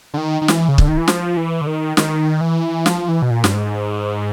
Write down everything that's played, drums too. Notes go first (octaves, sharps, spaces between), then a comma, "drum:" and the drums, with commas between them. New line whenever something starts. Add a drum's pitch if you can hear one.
D3
D#3
D#3
E3, drum: snare
C#3
D3, drum: kick
D#3
E3
F3, drum: snare
E3
D3
D#3
D#3, drum: snare
E3
F3, drum: snare
E3
B2
A#2
G2, drum: snare
G#2